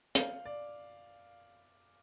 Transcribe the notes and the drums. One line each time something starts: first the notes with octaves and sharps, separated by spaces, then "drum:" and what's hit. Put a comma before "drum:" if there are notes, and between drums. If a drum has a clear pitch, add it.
F5, drum: hi-hat
D5